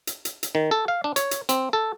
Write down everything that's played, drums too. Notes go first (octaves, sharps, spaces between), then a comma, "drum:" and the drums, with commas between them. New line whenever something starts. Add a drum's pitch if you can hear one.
drum: hi-hat
drum: hi-hat
drum: hi-hat
D#3
A4
F5
D4
C#5, drum: hi-hat
drum: hi-hat
C4, drum: hi-hat
A4